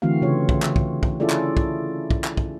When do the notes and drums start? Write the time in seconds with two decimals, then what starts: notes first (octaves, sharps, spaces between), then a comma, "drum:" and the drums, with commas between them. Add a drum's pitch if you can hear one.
0.02 D3 E3 A3 C4 F#4 F5
0.22 C#3 F4 C#5
0.49 drum: kick
0.62 drum: clap
0.76 drum: kick
1.03 drum: kick
1.20 C#4 E4 F4 G#4 A4 D5
1.30 drum: clap
1.57 drum: kick
2.10 drum: kick
2.24 drum: clap
2.37 drum: kick